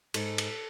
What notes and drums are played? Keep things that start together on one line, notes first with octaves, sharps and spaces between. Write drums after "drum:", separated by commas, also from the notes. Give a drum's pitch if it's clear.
G#2 A4, drum: cymbal
drum: cymbal